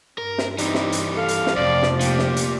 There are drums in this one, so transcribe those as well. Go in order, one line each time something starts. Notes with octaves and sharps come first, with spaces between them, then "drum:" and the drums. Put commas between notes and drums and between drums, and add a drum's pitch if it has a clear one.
G2 A#4
drum: snare
E3 G3 C4 D#4, drum: hi-hat
drum: snare
drum: hi-hat
A4 F5
drum: hi-hat
drum: snare
F1 F2 F3 D5
drum: snare
A#2 G4, drum: hi-hat
drum: snare
drum: hi-hat